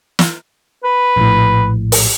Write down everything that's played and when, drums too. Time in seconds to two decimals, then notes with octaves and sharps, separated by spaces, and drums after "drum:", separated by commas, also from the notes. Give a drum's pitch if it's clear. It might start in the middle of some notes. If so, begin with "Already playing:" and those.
0.19 drum: snare
0.84 B4
1.16 A#1 A2
1.92 drum: open hi-hat